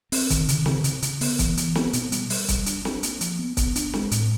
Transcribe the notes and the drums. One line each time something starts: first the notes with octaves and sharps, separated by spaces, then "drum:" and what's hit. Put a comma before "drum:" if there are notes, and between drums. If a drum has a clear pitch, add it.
C4, drum: open hi-hat
D#3, drum: kick, hi-hat
C#3, drum: hi-hat
C#3, drum: snare
C#3, drum: hi-hat
C#3, drum: hi-hat
B3, drum: open hi-hat
E3, drum: kick, hi-hat
E3, drum: hi-hat
B3, drum: snare
B2, drum: hi-hat
G3, drum: hi-hat
G3, drum: open hi-hat
G3, drum: kick, hi-hat
D4, drum: hi-hat
D4, drum: snare
A#3, drum: hi-hat
F3, drum: hi-hat
B3
B3, drum: kick, hi-hat
D4, drum: hi-hat
G#3, drum: snare
A2, drum: hi-hat